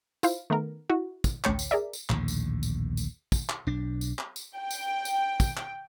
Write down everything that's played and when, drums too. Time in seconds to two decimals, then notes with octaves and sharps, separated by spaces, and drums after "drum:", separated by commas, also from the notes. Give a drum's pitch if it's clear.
0.23 E4 F4 C5 F5, drum: tambourine
0.50 D#3 A3 B3 A#4
0.90 E4 F#4
1.24 drum: kick, tambourine
1.44 A1 D2 D3 C#5 G5 C#7, drum: clap
1.59 drum: tambourine
1.71 G#4 A#4 D5 E5
1.93 drum: tambourine
2.09 A#1 D#2 A2 D3, drum: clap
2.28 drum: tambourine
2.63 drum: tambourine
2.97 drum: tambourine
3.32 drum: kick, tambourine
3.49 drum: clap
3.67 B1 D4
4.01 drum: tambourine
4.19 drum: clap
4.36 drum: tambourine
4.57 G5
4.71 drum: tambourine
5.05 drum: tambourine
5.40 drum: kick, tambourine
5.57 drum: clap